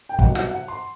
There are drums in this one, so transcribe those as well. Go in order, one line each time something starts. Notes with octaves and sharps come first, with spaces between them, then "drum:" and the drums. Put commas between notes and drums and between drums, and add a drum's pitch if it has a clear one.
G5
C2 B2 F#3 F#5, drum: kick
F#5, drum: snare
F#5
C6